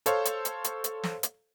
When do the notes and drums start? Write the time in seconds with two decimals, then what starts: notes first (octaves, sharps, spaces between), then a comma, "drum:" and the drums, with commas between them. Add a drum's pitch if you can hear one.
0.06 A4 C5 C#5 F5, drum: hi-hat
0.25 drum: hi-hat
0.45 drum: hi-hat
0.64 drum: hi-hat
0.84 drum: hi-hat
1.03 drum: snare
1.23 drum: hi-hat